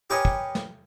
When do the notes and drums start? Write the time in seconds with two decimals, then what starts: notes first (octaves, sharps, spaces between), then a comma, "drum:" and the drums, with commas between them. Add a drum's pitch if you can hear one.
0.10 G4 A#4 B4 C#5 D#5 G#5
0.25 drum: kick
0.55 drum: snare